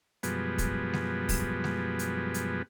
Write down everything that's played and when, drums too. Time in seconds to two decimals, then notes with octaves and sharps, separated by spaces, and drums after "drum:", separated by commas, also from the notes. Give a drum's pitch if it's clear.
0.23 F#2 B2 F3 G3 G#3 B3, drum: hi-hat
0.58 drum: kick, hi-hat
0.94 drum: snare G#3
1.29 drum: kick, open hi-hat
1.64 drum: snare G#3
1.99 drum: hi-hat
2.34 drum: hi-hat